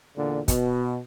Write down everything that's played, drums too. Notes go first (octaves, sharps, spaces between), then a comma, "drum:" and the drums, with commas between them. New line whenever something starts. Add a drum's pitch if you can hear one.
E2 A#2 D3
B2, drum: kick, hi-hat